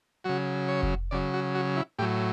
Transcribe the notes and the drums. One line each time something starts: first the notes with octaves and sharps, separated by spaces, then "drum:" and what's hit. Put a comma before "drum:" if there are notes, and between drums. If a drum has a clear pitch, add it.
C#3 F#3 F#4
C#5
drum: kick F1
C#3 F#3 D5
F#4
F#4
E4
A2 F#3 G4